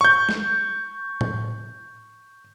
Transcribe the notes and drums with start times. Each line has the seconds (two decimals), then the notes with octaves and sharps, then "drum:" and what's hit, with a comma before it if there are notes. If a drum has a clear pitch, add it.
0.01 C#6 G6
0.29 drum: snare
1.21 drum: tom A2